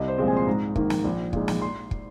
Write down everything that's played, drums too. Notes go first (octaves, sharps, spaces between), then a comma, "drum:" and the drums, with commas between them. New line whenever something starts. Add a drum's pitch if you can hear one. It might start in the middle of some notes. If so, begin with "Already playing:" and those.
Already playing: C2 D#5
C5
A#2 F3 G#3 C4
G#5
C6
G#2 A#5
D#3 A#3, drum: kick
drum: snare
A#1
A#2 G#3 D#4, drum: kick
drum: snare
C6
drum: kick